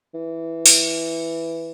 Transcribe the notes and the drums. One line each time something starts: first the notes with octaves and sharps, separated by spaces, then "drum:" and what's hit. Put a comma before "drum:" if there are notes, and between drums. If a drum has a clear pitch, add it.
E3
drum: open hi-hat